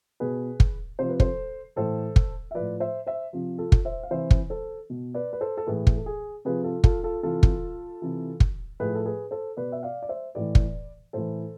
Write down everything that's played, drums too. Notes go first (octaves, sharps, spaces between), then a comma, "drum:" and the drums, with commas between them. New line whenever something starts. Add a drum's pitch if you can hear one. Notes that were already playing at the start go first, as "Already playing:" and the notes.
B2 G#4 B4
drum: kick
C3 F3 C5
B4
A4 C5, drum: kick
A2 E3 A4 C5
drum: kick
E5
A2 F3 B4 D5
C5 E5
C5 E5
C3 F3
F4 A4
drum: kick
C5 E5
F5
C3 E3 C5 E5
drum: kick
A4 C5
B2
B4 D5
B4
A4 C5
A4
A2 E3 G#4 B4
drum: kick
A4
G#4
C3 F3 G#4 B4
F4 A4
F4 A4, drum: kick
F4 A4
C3 E3 F4 A4
drum: kick
C3 E3
drum: kick
A2 F3 G#4 B4
A4
G#4 B4
A4 C5
B2 B4 D5
E5
D5 F5
D5
C5 E5
A2 E3 B4 D5
drum: kick
A2 E3 A4 C5